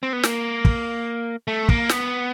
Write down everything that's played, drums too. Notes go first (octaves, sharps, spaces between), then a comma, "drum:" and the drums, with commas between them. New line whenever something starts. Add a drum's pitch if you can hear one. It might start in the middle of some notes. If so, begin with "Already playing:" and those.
C4
B3
A#3, drum: snare
drum: kick
A3
A#3, drum: kick
B3, drum: snare